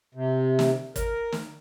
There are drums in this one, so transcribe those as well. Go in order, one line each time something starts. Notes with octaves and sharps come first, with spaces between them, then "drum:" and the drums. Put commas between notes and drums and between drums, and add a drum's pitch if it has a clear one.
C3
drum: snare
A#4, drum: kick, hi-hat
drum: snare